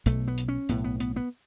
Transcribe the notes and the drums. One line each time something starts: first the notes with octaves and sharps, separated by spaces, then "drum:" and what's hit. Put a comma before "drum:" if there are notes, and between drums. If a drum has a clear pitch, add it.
B1 B2 A3, drum: kick, hi-hat
B3
drum: hi-hat
C#4
B1 A2 B3, drum: hi-hat
B3
B3, drum: hi-hat
B3